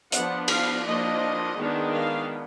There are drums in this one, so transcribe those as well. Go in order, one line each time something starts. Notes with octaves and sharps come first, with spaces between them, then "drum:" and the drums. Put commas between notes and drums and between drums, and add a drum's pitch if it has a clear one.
F3 B3 D4 F#5, drum: hi-hat
F5, drum: cymbal
F3 A#3 D4 D#5
D#3 G#3 B3 D4
F5